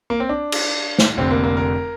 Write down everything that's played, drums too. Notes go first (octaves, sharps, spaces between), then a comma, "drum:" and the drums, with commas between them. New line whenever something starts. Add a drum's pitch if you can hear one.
A#3
C4
D4
drum: cymbal
drum: snare
F1 F2 D3 C4
A#3
A#3
A#4